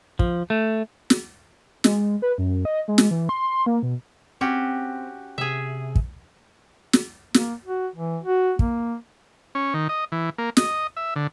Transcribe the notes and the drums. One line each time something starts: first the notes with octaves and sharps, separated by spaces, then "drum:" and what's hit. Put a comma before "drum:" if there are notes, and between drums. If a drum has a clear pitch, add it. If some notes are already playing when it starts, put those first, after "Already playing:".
F3, drum: kick
A3
drum: snare
G#3, drum: snare
B4
F#2
D#5
G#3
drum: snare
E3
C6
A#3
B2
C4 C#4 F#4 G4
C3 G#4 E5
drum: kick
drum: snare
A#3, drum: snare
F#4
E3
F#4
A#3, drum: kick
C#4
D#3
D#5
E3
A#3
D#5, drum: snare
E5
D3